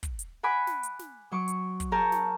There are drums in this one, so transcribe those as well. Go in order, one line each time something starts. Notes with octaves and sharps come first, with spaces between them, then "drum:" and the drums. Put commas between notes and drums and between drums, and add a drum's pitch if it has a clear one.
drum: kick, hi-hat
drum: hi-hat
F#5 G#5 B5 D6
drum: snare
drum: hi-hat
drum: snare
F#3 C#6 D6
drum: hi-hat
drum: kick, hi-hat
G#4 A#4 C#5 G5 A5 A#5
drum: snare